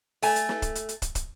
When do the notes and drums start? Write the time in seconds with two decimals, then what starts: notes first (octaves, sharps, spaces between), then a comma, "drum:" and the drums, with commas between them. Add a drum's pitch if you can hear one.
0.22 A3 G#5, drum: open hi-hat
0.36 drum: hi-hat
0.49 drum: snare
0.62 drum: kick, hi-hat
0.75 drum: hi-hat
0.89 drum: hi-hat
1.02 drum: kick, hi-hat
1.15 drum: kick, hi-hat